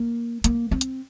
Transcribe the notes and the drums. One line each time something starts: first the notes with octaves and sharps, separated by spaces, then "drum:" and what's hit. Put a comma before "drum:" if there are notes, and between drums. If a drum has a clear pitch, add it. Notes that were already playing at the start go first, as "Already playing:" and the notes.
Already playing: A#3
A#3, drum: hi-hat
C4
drum: hi-hat